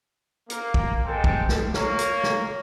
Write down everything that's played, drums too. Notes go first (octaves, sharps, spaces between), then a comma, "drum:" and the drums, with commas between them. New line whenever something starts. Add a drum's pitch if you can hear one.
A#3, drum: hi-hat
drum: kick
G#3 C4 A4 G5
drum: kick
drum: snare
A#3 C#5, drum: snare
drum: hi-hat
drum: snare